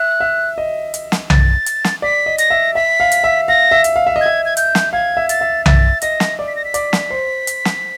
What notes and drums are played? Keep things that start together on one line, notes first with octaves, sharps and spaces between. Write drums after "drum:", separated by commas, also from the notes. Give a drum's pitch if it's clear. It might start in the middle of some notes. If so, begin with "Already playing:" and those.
Already playing: E5 F#6
E5
D#5
drum: hi-hat
drum: snare
A6, drum: tom B1
drum: hi-hat
drum: snare
D5 B6
D#5
A#6, drum: hi-hat
E5
E5 B6
F5
drum: hi-hat
E5
F5 A#6
E5
drum: hi-hat
F5
E5
D#5
E5 G#6
G#6
G6, drum: hi-hat
drum: snare
F5 G#6
E5
A6, drum: hi-hat
E5
E5 A6, drum: tom B1
D#5 A#6, drum: hi-hat
drum: snare
D5
B6
A#6
B6
D5, drum: hi-hat
drum: snare
C5
drum: hi-hat
drum: snare